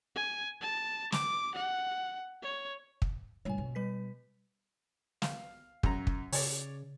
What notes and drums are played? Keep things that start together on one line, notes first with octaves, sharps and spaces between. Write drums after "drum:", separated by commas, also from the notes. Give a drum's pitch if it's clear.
G#5
A5
D6, drum: snare
F#5
C#5
drum: kick
G2 A#2 C#5 G#5
B2
G3 B4 B6
F5, drum: snare
F#2 A#5, drum: kick
drum: kick
C#3 C#5 D5, drum: open hi-hat